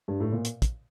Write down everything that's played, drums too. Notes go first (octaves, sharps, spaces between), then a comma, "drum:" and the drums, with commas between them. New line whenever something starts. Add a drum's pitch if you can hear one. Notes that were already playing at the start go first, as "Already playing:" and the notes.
G2
A2
A#2
drum: hi-hat
drum: kick, hi-hat